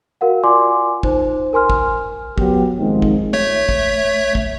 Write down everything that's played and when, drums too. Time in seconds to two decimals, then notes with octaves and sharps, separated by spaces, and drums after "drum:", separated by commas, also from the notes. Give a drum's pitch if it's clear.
0.21 F#4 A#4 F5 F#5
0.43 F4 D5 G#5 C6 D6
1.03 D#4 C5, drum: kick
1.53 A#4 G#5 C6 F6
1.70 drum: kick
2.38 F#3 B3 G4, drum: kick
2.78 G#2 D#3 F3 G#3 C4
3.02 drum: kick
3.33 A3 C#5 E5
3.69 drum: kick
4.35 drum: kick